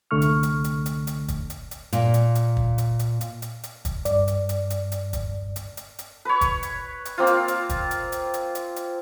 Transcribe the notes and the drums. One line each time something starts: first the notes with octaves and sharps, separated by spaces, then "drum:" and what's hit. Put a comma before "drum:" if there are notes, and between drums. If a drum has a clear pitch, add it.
C2 D3 A3 C#6 F6
drum: hi-hat
drum: hi-hat
drum: hi-hat
drum: hi-hat
drum: hi-hat
drum: kick, hi-hat
drum: hi-hat
drum: hi-hat
A#2, drum: hi-hat
drum: hi-hat
drum: hi-hat
drum: kick
drum: hi-hat
drum: hi-hat
drum: hi-hat
drum: hi-hat
drum: hi-hat
drum: kick, hi-hat
G2 D5, drum: hi-hat
drum: hi-hat
drum: hi-hat
drum: hi-hat
drum: hi-hat
drum: kick, hi-hat
drum: hi-hat
drum: hi-hat
drum: hi-hat
B4 C#5
drum: kick, hi-hat
drum: hi-hat
drum: hi-hat
A#3 C4 F4
drum: hi-hat
drum: hi-hat
drum: kick, hi-hat
drum: hi-hat
drum: hi-hat
drum: hi-hat
drum: hi-hat
drum: hi-hat